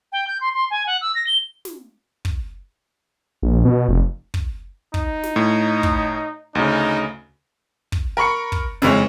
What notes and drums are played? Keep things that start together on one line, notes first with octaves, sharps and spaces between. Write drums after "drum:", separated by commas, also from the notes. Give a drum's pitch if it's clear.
G5
G6
C6
C6
G#5
F#5
E6
A#6
G7
drum: snare
drum: kick
A#1
B2
F1
drum: kick
D#4, drum: kick
drum: snare
A2
drum: kick
D2 C#3 D#4
drum: kick
A#4 B5 C#6 C#7
drum: kick
F2 C#3 E3 G#3 C#5, drum: snare